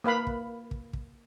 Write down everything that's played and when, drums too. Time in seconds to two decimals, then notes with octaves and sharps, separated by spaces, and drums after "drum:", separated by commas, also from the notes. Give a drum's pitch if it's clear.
0.04 A#3 B4 F5 B5
0.27 drum: kick
0.71 drum: kick
0.93 drum: kick